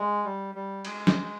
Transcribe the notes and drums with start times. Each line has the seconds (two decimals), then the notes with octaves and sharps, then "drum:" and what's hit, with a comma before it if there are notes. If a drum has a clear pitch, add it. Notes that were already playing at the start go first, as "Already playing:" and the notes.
Already playing: G#3
0.24 G3
0.55 G3
0.85 G#3, drum: cymbal
1.07 drum: snare